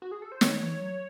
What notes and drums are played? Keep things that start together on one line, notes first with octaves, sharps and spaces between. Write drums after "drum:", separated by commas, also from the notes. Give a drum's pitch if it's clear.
F#4
G#4
A4
C5
D#3 C#5, drum: snare
E3
F#3